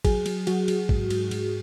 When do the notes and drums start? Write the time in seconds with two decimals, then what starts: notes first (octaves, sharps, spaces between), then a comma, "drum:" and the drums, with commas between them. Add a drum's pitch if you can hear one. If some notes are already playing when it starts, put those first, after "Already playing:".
0.05 F#3 G#4, drum: kick, cymbal
0.26 F#3, drum: cymbal
0.47 F#3 F#4, drum: cymbal
0.68 F#3, drum: cymbal
0.89 G#2, drum: kick
1.10 G#2, drum: cymbal
1.31 G#2, drum: cymbal